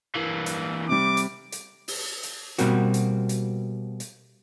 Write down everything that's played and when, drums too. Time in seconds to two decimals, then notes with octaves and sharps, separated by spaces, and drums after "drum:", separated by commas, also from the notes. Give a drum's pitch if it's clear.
0.16 E3 A#3
0.46 drum: hi-hat
0.89 C3 G3 D6
1.17 drum: hi-hat
1.52 drum: hi-hat
1.88 drum: open hi-hat
2.23 drum: hi-hat
2.58 B2 G3 A#3 C4 F#4, drum: hi-hat
2.94 drum: hi-hat
3.29 drum: hi-hat
4.00 drum: hi-hat